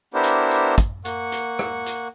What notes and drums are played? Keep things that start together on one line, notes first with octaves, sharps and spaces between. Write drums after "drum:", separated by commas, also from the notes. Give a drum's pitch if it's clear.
B3 D4 E4 G4 A#4 C5
drum: hi-hat
drum: hi-hat
drum: kick, hi-hat
A#3 F#5 C#6, drum: hi-hat
drum: hi-hat
drum: rim click
drum: hi-hat